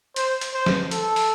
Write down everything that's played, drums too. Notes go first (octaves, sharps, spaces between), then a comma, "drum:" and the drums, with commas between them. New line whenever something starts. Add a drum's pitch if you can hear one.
C5, drum: hi-hat
drum: hi-hat
C5
drum: snare
A4, drum: hi-hat
drum: open hi-hat